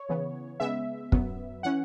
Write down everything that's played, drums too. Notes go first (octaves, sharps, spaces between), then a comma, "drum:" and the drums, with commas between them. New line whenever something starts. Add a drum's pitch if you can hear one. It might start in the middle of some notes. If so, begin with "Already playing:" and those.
Already playing: C#5
C#3 E3 B3
C#3 G#3 B3 E5
F#2 F#3 B3, drum: kick
E3 C#4 F#5